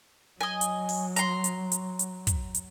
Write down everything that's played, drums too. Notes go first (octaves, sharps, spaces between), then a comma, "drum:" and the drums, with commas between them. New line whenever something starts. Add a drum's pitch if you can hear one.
F#3 D#5 G#5
drum: hi-hat
drum: open hi-hat
A#5 C6, drum: hi-hat
drum: hi-hat
drum: hi-hat
drum: hi-hat
drum: kick, hi-hat
drum: hi-hat